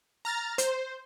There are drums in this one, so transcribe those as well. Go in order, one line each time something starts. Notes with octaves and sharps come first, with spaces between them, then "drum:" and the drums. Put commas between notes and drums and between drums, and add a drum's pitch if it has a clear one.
A#5 F6 A6
C5, drum: hi-hat